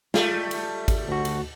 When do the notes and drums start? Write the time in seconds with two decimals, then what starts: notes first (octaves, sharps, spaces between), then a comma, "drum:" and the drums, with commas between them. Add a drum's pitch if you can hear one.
0.14 G3 A3 F4, drum: snare
0.51 drum: cymbal
0.88 drum: kick, cymbal
1.08 D2 F#4
1.25 drum: cymbal